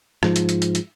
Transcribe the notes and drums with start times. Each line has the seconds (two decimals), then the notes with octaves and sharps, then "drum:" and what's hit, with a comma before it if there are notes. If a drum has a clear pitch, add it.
0.23 G#2 F3, drum: rim click
0.36 drum: hi-hat
0.49 drum: hi-hat
0.62 drum: hi-hat
0.75 drum: hi-hat